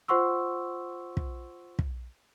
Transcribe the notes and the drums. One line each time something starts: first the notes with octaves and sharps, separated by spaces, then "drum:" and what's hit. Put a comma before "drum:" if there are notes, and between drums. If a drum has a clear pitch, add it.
F4 C5 F#5 C6 C#6 E6
drum: kick
drum: kick